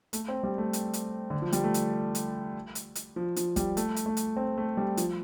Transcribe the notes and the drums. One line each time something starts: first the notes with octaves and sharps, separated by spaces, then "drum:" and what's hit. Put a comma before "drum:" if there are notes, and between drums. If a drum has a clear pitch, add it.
A3, drum: hi-hat
C4
G3
A3
drum: hi-hat
drum: hi-hat
D3
F3
G3, drum: hi-hat
A3
drum: hi-hat
drum: hi-hat
drum: hi-hat
drum: hi-hat
F3
F3, drum: hi-hat
G3, drum: kick, hi-hat
A3, drum: hi-hat
drum: hi-hat
A3
drum: hi-hat
C4
A3
G3
F3, drum: hi-hat